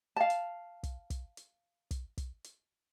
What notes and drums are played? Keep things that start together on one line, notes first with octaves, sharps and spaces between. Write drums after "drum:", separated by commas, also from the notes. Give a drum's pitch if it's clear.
F5 A5
drum: hi-hat
drum: kick, hi-hat
drum: kick, hi-hat
drum: hi-hat
drum: kick, hi-hat
drum: kick, hi-hat
drum: hi-hat